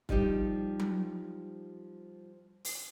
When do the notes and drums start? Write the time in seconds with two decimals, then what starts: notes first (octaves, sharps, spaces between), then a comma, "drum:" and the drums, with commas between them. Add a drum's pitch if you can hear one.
0.09 F3 G3 D#4 G4, drum: kick
0.80 drum: tom F#3
2.65 drum: open hi-hat